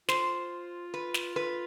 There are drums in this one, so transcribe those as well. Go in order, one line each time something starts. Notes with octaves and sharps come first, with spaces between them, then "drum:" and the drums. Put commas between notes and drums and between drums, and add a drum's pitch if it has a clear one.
F4 C5, drum: snare
B4
drum: snare
B4